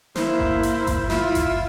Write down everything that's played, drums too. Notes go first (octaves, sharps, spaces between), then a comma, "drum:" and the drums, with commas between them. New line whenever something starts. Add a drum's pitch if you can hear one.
A#3 E4 C5, drum: snare
drum: kick G1
drum: hi-hat
drum: kick G1, hi-hat
E4 F4, drum: snare
drum: kick G1, hi-hat